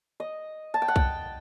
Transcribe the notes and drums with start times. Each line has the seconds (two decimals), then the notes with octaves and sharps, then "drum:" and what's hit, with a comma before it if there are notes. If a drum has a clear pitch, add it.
0.20 D#5
0.74 A5
0.82 G5
0.88 F#5
0.96 G5, drum: kick